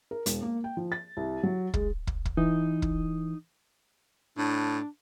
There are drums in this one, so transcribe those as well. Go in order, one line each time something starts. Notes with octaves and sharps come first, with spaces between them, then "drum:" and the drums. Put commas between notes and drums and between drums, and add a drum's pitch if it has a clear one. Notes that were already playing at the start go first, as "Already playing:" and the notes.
A#4
E1, drum: hi-hat
A#3
G5
F3
A6
C2
F#3
G#3, drum: kick
drum: kick
drum: kick
E3 D#4
drum: kick
A2 D4